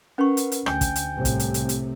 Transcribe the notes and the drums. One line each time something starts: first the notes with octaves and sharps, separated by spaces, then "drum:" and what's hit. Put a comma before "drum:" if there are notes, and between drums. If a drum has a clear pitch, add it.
C#4 A#4 B4 F#5 C#6
drum: hi-hat
drum: hi-hat
D2 G5 G#5 G6, drum: rim click
drum: kick, hi-hat
drum: hi-hat
C2 A2 C3
drum: kick, hi-hat
drum: hi-hat
drum: hi-hat
drum: hi-hat